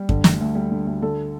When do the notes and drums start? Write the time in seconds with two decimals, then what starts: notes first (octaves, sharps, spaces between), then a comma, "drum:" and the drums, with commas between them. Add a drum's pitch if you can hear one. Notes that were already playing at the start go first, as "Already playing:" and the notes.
Already playing: G3
0.09 D3, drum: kick F#2
0.24 D2, drum: snare
0.41 D2
0.55 G3
0.71 D3
0.87 D2
1.02 D3 A4